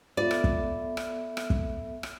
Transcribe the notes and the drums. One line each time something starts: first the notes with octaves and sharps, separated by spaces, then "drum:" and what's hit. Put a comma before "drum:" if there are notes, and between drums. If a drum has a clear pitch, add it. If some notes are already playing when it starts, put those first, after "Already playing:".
B3 F4 A4 D5 E5
drum: rim click
drum: kick
drum: rim click
drum: rim click
drum: kick
drum: rim click